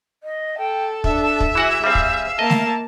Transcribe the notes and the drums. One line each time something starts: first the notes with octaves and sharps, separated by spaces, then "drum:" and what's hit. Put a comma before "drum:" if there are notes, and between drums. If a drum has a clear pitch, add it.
D#5
A4 G5
D4 E5, drum: kick
drum: kick
E3 E4 F#4 G#4 F#5 G#5
G3 C4 G#4 F5
drum: kick
A#3 D#5 A5
drum: snare A3